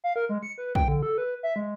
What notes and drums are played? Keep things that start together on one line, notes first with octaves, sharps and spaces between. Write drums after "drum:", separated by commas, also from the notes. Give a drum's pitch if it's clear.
F5
A#4
G#3
C#7
B4
G5, drum: kick
D3
A4
B4
E5
G#3